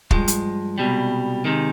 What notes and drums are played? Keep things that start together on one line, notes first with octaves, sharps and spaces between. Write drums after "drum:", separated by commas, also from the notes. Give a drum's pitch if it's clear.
G2 F3 G#3, drum: kick
drum: hi-hat
C2 B2 G3
C3 D#3 G#3